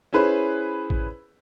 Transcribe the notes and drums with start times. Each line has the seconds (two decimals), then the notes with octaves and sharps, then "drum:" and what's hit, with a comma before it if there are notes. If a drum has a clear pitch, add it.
0.13 C#4 E4 G#4 B4 C5
0.90 drum: kick A1